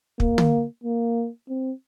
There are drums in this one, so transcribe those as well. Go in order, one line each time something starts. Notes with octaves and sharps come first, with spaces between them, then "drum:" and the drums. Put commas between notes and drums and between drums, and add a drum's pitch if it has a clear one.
A#3, drum: kick
drum: tom
A#3
C4